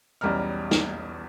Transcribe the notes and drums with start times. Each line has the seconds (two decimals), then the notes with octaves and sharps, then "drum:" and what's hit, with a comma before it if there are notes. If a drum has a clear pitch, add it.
0.21 B1 E2 G3 C#4 A#5 F6
0.71 drum: snare